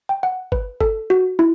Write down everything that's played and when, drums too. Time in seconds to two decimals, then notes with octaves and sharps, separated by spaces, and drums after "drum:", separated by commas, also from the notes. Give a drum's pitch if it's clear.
0.09 G5
0.23 F#5
0.52 B4, drum: kick
0.81 A4, drum: kick
1.10 F#4
1.39 E4